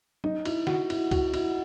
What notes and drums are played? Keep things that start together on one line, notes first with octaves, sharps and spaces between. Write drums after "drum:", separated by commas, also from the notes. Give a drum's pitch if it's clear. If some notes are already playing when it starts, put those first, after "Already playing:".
D#4, drum: tom
E4, drum: cymbal
F#4, drum: snare
E4, drum: cymbal
F#4, drum: kick C2, cymbal
E4, drum: cymbal